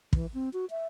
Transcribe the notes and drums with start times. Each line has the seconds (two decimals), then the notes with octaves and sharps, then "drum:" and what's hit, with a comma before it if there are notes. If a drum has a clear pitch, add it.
0.13 E3, drum: kick
0.34 C4
0.53 F#4
0.70 E5